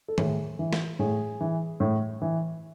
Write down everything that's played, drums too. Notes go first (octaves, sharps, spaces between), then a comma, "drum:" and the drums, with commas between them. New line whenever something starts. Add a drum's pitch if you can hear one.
A4
A2 G#4, drum: tom D#3
E3
drum: snare
A2 G#4
E3
A2
E3